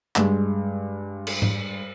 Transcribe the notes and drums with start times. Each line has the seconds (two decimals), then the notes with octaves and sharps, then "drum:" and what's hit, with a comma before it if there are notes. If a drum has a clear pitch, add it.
0.16 G2 G#3, drum: clap
1.27 drum: cymbal
1.42 drum: tom G#2